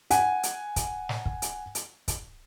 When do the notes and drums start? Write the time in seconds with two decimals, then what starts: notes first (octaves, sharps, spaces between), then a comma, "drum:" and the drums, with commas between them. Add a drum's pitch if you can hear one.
0.10 F#5 G#5, drum: hi-hat
0.43 drum: hi-hat
0.76 drum: kick, hi-hat
1.09 drum: snare
1.26 drum: kick
1.42 drum: hi-hat
1.75 drum: hi-hat
2.08 drum: kick, hi-hat